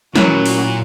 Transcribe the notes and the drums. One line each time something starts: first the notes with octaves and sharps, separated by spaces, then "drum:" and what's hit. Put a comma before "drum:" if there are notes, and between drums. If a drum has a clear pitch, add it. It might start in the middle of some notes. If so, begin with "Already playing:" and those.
A#2 F#3 A3 C#4 E4 F#4 A#4, drum: snare
drum: open hi-hat